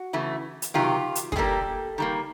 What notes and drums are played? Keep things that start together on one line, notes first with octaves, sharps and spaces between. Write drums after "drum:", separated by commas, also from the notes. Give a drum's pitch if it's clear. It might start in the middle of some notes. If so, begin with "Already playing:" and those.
Already playing: F#4
C#3 E3 A3
drum: hi-hat
C3 D#3 F#3 F4 G4
drum: hi-hat
G#4, drum: kick
D3 G3 A#3 G4 A4
D#3 G3 A#3